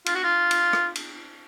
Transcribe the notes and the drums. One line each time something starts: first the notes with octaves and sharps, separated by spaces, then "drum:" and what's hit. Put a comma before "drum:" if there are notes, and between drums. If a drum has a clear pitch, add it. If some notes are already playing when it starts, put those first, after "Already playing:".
F4, drum: cymbal
F#4
F4
drum: cymbal
drum: rim click
drum: cymbal